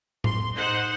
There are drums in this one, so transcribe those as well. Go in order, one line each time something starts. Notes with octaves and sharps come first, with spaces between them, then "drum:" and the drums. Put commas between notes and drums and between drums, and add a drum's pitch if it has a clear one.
C6, drum: tom A2
D#4 C5 F#5